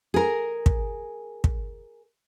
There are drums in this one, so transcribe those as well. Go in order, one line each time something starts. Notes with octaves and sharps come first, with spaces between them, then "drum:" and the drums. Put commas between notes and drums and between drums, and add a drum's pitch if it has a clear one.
G#4 A#4
drum: kick
drum: kick